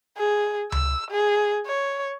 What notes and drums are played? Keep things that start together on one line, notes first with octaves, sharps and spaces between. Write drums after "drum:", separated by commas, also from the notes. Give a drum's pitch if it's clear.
G#4
E6, drum: tom C#2
G#4
C#5